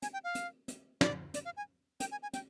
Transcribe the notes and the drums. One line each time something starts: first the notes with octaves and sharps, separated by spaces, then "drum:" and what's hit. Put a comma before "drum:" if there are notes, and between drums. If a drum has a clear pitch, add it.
G#5, drum: hi-hat
G5
F5
drum: hi-hat
drum: hi-hat
D5, drum: snare
D5, drum: hi-hat
F5
G#5
G5, drum: hi-hat
G#5
G#5
G5, drum: hi-hat